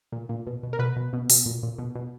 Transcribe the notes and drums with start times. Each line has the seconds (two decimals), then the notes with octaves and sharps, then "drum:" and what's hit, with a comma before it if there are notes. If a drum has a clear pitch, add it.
0.12 A#2
0.29 A#2
0.47 B2
0.63 B2
0.73 A#4
0.79 B2 B4
0.96 B2
1.13 B2
1.30 B2, drum: open hi-hat
1.46 A#2
1.63 A#2
1.78 B2
1.95 B2